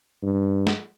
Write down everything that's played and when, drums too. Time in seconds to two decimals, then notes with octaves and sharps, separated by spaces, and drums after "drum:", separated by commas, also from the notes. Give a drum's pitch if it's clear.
0.23 G2
0.67 drum: snare